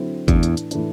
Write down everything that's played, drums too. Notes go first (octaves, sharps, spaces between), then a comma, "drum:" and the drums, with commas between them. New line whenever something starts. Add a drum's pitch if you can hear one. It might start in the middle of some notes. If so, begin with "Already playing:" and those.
Already playing: D3 F#3 C4 E4
E2 A2 E3 A3 D4, drum: kick G1, hi-hat
drum: hi-hat
drum: hi-hat
A2 E3 A3 D4, drum: hi-hat